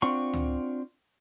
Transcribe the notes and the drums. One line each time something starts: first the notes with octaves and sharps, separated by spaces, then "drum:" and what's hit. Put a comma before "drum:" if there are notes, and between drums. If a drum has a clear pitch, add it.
C4 D4 F4 F#5 C#6
drum: tom C#2